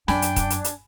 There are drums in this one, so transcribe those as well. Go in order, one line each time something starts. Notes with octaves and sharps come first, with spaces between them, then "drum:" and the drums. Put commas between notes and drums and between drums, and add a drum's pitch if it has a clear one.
F#2 D4 G5 G#5 B5, drum: snare
drum: hi-hat
drum: kick D#1, hi-hat
drum: hi-hat
drum: hi-hat